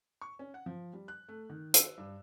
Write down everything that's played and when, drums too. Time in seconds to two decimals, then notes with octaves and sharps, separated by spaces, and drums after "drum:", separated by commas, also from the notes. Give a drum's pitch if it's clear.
0.22 C#6
0.39 C#4
0.54 F#5
0.66 F3
0.93 G3
1.08 F#6
1.29 A3
1.49 D#3
1.74 E6, drum: hi-hat
1.98 G2